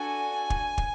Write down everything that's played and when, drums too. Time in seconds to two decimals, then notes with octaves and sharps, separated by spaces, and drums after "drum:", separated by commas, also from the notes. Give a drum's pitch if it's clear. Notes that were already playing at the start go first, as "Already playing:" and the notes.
Already playing: D4 F#4 A4 G#5
0.50 drum: kick
0.78 drum: kick